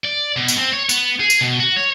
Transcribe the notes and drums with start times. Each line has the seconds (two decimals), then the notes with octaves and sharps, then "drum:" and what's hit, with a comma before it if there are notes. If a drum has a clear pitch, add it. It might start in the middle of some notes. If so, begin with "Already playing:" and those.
0.05 D5
0.38 B2
0.48 drum: tambourine
0.59 C4
0.73 C#5
0.89 B3, drum: tambourine
1.20 G#4
1.30 drum: tambourine
1.41 B2
1.60 F#4
1.76 C#5